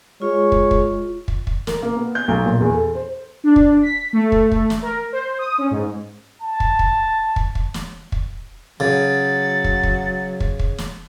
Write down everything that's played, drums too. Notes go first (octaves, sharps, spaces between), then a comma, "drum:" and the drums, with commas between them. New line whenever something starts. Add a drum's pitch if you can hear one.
G#3 F4 C#5
drum: kick
drum: kick
drum: kick
drum: kick
A#4, drum: snare
A#3
B3
G6
B1
A#2
E2
A4
C5
D4
drum: kick
B6
A3
drum: kick
A3, drum: kick
drum: snare
A#4
C5
D#6
C#4
G#2
A5
drum: kick
drum: kick
drum: kick
drum: kick
drum: snare
drum: kick
C#3 F#3 A6
drum: kick
drum: kick
drum: kick
drum: kick
drum: snare